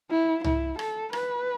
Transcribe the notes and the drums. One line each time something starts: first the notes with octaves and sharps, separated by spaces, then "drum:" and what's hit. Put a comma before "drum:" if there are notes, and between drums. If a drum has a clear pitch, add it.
E4
E4, drum: tom C2
A4, drum: rim click
B4, drum: rim click